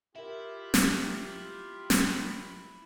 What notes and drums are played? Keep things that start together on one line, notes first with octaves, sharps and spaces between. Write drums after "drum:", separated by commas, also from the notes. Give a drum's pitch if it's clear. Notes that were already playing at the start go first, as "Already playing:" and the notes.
E4 F4 G4 A#4 E5
drum: snare
drum: snare